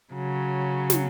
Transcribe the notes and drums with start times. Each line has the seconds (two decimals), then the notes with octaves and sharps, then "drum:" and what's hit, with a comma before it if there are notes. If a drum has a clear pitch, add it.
0.13 C#3 F#3
0.90 drum: snare